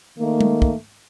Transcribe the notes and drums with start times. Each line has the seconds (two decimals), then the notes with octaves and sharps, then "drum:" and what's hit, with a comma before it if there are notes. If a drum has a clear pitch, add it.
0.19 D#3 A3 A#3
0.41 drum: tom G#3
0.62 drum: kick